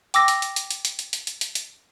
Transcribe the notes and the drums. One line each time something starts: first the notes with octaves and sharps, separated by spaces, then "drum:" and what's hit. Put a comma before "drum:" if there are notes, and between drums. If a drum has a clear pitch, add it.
G5 D6 E6 A#6, drum: hi-hat
drum: hi-hat
drum: hi-hat
drum: hi-hat
drum: hi-hat
drum: hi-hat
drum: hi-hat
drum: hi-hat
drum: hi-hat
drum: hi-hat
drum: hi-hat